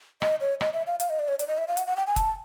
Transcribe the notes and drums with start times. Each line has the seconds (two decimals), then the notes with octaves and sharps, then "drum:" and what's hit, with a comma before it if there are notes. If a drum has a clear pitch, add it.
0.22 D#5, drum: rim click
0.41 C#5
0.61 D#5, drum: rim click
0.74 E5
0.87 F5
1.00 F5, drum: hi-hat
1.10 D#5
1.19 D5
1.28 C#5
1.39 D5, drum: hi-hat
1.48 D#5
1.58 E5
1.68 F5
1.77 F#5, drum: hi-hat
1.87 F#5
1.97 G5
2.07 G#5
2.16 A5, drum: kick, hi-hat